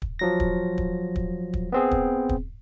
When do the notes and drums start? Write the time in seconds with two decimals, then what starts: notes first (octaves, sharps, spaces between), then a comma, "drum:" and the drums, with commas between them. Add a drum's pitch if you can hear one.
0.02 drum: kick
0.19 F3 F#3 A#6
0.40 drum: kick
0.78 drum: kick
1.16 drum: kick
1.53 drum: kick
1.72 B3 C4 G#4
1.91 drum: kick
2.29 drum: kick